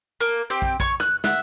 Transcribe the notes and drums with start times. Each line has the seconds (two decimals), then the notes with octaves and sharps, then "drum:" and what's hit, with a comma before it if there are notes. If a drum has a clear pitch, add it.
0.21 A#3
0.50 C4 G4
0.62 drum: kick
0.80 C#5 C#6, drum: kick
1.00 F#6, drum: rim click
1.24 E5 F#5, drum: snare